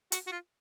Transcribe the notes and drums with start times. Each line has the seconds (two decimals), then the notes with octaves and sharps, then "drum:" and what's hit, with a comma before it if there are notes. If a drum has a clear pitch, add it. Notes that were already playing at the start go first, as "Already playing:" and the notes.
0.12 F#4, drum: hi-hat
0.27 F#4
0.32 F4